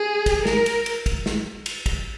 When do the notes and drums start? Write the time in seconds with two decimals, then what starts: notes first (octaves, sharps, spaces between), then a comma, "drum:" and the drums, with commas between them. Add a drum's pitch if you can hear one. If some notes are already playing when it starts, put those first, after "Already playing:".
Already playing: G#4
0.26 drum: kick, cymbal
0.46 A#4, drum: snare
0.66 drum: cymbal
0.86 drum: cymbal
1.06 drum: kick, cymbal
1.26 drum: snare
1.66 drum: cymbal
1.86 drum: kick, cymbal